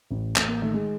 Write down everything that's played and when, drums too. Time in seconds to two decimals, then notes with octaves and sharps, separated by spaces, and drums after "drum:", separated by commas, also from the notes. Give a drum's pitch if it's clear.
0.11 A1
0.36 A1 A3, drum: clap
0.48 A#3
0.62 D#3 A3
0.74 G#3